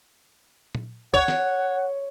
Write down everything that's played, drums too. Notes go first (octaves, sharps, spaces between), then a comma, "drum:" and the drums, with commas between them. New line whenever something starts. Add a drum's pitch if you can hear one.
drum: tom
C#5 F#5, drum: kick C#2
drum: snare